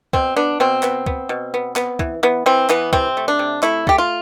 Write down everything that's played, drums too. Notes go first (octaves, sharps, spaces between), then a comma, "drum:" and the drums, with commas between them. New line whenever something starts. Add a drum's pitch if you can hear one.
B2 C4, drum: kick
B3 D4
B2 C4
B3, drum: clap
B3, drum: kick
B2
B3
B3, drum: clap
E3, drum: kick
E3 B3
E3 C4
E3 B3, drum: clap
C3 C4, drum: kick
A3
D4
C3
A3 E4, drum: clap
A3 G4, drum: kick
F4